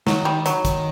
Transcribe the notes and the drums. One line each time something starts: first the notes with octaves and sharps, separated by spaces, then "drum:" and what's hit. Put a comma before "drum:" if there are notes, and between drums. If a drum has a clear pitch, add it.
D#3 F#3, drum: snare
G3
F#3, drum: hi-hat
D#3, drum: kick, hi-hat